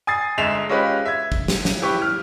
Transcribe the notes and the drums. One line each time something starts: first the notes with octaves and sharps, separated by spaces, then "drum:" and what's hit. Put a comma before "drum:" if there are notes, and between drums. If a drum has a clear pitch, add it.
G#5 D#6 A6 C7
G1 G#3 E5 C7 E7 F7
G#3 C#4 F4 G4 B4
E5 G#6
drum: kick G#1
drum: snare
drum: snare
E4 G4 B4 C#6
F6